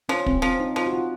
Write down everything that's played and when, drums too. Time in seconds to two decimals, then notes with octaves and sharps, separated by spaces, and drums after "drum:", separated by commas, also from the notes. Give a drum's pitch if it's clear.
0.09 F3 C#4
0.26 C4, drum: kick
0.42 F3 C4
0.60 D#4
0.76 F3 F4
0.87 F#4
0.93 F4